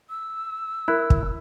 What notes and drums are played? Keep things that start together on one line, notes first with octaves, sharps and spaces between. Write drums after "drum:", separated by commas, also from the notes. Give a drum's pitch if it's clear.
E6
E4 A#4 F#6
drum: kick